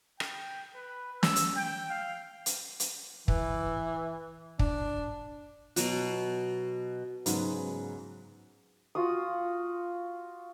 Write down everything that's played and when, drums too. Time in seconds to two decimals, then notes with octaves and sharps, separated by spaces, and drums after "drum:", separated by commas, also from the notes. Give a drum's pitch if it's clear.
0.20 G5, drum: rim click
0.75 B4
1.23 E6, drum: snare
1.36 drum: hi-hat
1.56 G5
1.90 F5
2.46 drum: hi-hat
2.80 drum: hi-hat
3.28 E3, drum: kick
4.59 D4, drum: kick
5.76 B2 F#3 F#4, drum: hi-hat
7.26 G#2 C#3 F#3 B3, drum: hi-hat
8.95 F4 F#4 D#6